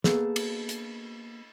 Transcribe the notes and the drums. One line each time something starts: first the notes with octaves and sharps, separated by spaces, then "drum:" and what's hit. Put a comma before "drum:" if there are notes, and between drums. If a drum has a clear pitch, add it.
A#3 B3 G#4 A4, drum: snare
drum: cymbal
drum: hi-hat